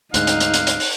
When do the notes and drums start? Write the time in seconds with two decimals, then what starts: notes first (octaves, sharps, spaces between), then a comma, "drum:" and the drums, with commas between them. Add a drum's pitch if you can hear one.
0.14 D2 G#2 D#4 F5 F#6, drum: hi-hat
0.27 drum: hi-hat
0.40 drum: hi-hat
0.54 drum: hi-hat
0.67 drum: hi-hat
0.80 drum: open hi-hat